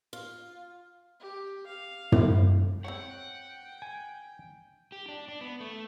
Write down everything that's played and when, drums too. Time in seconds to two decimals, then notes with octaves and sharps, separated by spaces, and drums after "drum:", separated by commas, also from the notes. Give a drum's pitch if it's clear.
0.13 F4
1.20 G4
1.66 F5
2.12 drum: tom
2.84 C4 E4 C#5 F#5 G5
3.82 G#5
4.92 G4
5.08 D4
5.28 D4
5.41 B3
5.60 A3